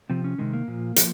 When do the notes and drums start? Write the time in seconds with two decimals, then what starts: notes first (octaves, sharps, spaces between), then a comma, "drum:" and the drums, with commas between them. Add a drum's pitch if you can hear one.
0.10 C3 F3 C4
0.24 C#4
0.38 C3 D#3 G#3
0.53 A#3
0.68 A#2 F3
0.96 F3, drum: hi-hat